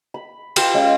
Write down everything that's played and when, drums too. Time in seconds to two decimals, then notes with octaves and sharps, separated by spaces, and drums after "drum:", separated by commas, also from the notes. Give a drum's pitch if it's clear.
0.14 B5
0.56 F4 G4 C6 D#6, drum: cymbal
0.74 G#3 C#4 F5